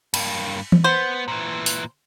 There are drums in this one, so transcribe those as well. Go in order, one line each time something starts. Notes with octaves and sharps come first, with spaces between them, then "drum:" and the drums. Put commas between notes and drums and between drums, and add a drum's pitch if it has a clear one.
G2 A#3, drum: cymbal
drum: tom E3
B3 C5
A#2 E3
drum: open hi-hat